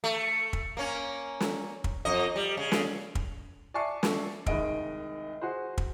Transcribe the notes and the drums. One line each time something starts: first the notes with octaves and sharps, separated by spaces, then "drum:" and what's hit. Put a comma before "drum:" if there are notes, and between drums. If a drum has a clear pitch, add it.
A3
drum: kick
A#3 C#4
drum: snare
drum: kick
F2 D#5
G3
C#3
drum: snare
drum: kick
D5 E5 G#5 A5 C#6 C7
drum: snare
C2 D#3 G#3 D#5 D7, drum: kick
F#4 G#4 C5
drum: kick